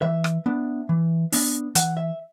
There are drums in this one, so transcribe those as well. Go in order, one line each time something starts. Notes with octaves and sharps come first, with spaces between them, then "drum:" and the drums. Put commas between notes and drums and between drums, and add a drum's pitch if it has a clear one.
E3 E5
drum: rim click
B3 D4
E3
B3 D4, drum: open hi-hat
E3 F#5, drum: hi-hat
E5